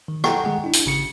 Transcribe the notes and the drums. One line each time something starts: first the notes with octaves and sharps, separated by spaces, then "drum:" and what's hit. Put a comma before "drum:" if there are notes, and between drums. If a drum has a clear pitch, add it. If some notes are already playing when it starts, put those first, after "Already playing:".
D#3
A4 F#5 G5 A#5, drum: rim click
D#3 G#3 G#4 F#5
D4 E4
drum: hi-hat
G#1 C#3 C#7